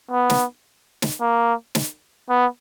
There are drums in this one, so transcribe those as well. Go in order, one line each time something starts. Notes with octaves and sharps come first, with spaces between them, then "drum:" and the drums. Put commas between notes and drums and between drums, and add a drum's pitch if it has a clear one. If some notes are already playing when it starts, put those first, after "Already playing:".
B3
drum: snare
drum: snare
A#3
drum: snare
B3